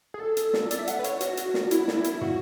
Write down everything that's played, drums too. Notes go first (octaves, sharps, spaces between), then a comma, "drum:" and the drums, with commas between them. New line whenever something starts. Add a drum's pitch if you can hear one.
G#4
A4
drum: hi-hat
drum: snare
D5, drum: hi-hat
E5
F#5, drum: hi-hat
B4
C#5, drum: hi-hat
F#4, drum: hi-hat
drum: hi-hat
drum: snare
E4, drum: hi-hat
drum: snare
drum: hi-hat
F#4, drum: tom